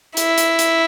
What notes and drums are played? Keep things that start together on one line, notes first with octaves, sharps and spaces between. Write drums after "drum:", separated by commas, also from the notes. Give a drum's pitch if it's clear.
E4, drum: hi-hat
drum: hi-hat
drum: hi-hat